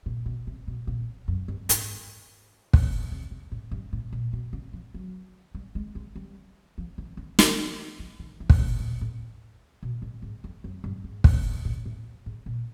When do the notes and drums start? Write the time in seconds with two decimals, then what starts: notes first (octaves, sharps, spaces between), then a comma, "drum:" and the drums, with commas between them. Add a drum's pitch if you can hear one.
0.06 A#2
0.26 B2
0.47 C3
0.68 B2
0.87 A#2
1.28 F#2
1.48 G2
1.69 G#2, drum: hi-hat
2.73 drum: kick
3.12 C3
3.31 C3
3.52 A2
3.71 G2
3.93 A2
4.12 A#2
4.33 B2
4.53 C#3
4.73 F3
4.94 F#3
5.55 G3
5.75 G#3
5.95 G#3
6.16 G3
6.78 F3
6.98 E3
7.17 D3
7.39 D#3, drum: snare
7.99 F3
8.19 D#3
8.40 E3
8.50 drum: kick
8.61 B2
8.80 A#2
9.01 A2
9.83 B2
10.02 A2
10.22 G#2
10.44 F2
10.64 F#2
10.84 G2
11.04 G#2
11.24 drum: kick
11.65 A2
11.86 A2
12.26 G#2
12.46 A#2